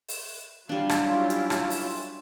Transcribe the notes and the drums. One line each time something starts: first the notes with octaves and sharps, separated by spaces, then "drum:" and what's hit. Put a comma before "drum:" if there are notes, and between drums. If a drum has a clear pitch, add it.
drum: open hi-hat
F#3 G3 D4 G4 F5
drum: rim click
C#4 E4 F4
drum: hi-hat
drum: rim click
drum: open hi-hat